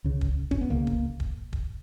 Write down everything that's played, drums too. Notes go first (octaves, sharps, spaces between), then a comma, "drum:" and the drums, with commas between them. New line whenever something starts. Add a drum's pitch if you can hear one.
C#2 C#3
drum: kick
C#4, drum: kick
B3
C#2 C#3 A#3
drum: kick
drum: kick
drum: kick